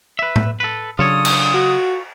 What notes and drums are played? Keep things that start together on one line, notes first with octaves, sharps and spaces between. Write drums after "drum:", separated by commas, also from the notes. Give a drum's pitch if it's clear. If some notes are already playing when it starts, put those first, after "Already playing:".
B4 E5
drum: tom A2
A4 B4
C#3 F#3 D4 F4 A4 C#5 D#6
drum: cymbal
F#4